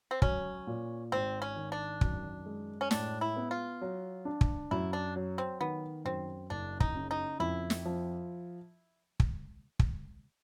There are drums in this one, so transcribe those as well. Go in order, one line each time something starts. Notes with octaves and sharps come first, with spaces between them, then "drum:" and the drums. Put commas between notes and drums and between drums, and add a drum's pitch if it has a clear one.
C4
F#3 C#4, drum: kick
A#2
G#1 C4
C#4
D#3
D4
F#2, drum: kick
G#3
C#4
A2 D4, drum: snare
E4
B3
F4
F#3
D4
drum: kick
F#2 E4
D4
F#3
C4
D#3 B3
F#2 C4
F#1 D4
D#4, drum: kick
C#3
D#4
F2 E4
drum: snare
F3
drum: kick
drum: kick